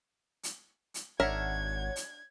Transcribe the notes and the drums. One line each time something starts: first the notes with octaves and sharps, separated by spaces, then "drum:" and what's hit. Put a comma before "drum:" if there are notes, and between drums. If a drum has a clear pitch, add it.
drum: hi-hat
drum: hi-hat
G#1 D4 A#4 C#5 E5 F#5 G#6
drum: hi-hat